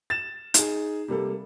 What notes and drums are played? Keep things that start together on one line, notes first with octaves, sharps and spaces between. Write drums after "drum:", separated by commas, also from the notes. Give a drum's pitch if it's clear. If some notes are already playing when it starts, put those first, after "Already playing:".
A6 E7
D#4 G#4, drum: hi-hat
C3 G3 A#3 A4